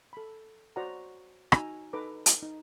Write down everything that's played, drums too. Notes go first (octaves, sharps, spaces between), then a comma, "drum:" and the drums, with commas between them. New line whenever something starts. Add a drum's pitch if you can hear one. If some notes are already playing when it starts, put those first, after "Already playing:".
A4 B5
F#4 C5 D5 F#5 A#5
D#4 F#4 G#5 A#5 E6, drum: rim click
D#4 A4 B4 A#5 D6
drum: hi-hat
D#4